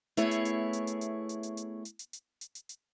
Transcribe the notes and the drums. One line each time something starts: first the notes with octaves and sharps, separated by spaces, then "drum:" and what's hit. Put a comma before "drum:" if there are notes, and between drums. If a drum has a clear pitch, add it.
A3 B3 E4 G#4 C#5, drum: hi-hat
drum: hi-hat
drum: hi-hat
drum: hi-hat
drum: hi-hat
drum: hi-hat
drum: hi-hat
drum: hi-hat
drum: hi-hat
drum: hi-hat
drum: hi-hat
drum: hi-hat
drum: hi-hat
drum: hi-hat
drum: hi-hat